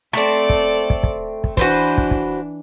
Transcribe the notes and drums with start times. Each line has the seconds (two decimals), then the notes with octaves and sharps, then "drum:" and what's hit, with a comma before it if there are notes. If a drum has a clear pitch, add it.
0.13 A3 C4 A4 D5
0.50 drum: kick
0.90 drum: kick
1.03 drum: kick
1.44 drum: kick
1.57 E3 D4 F#4 B4 C5, drum: kick
1.98 drum: kick
2.11 drum: kick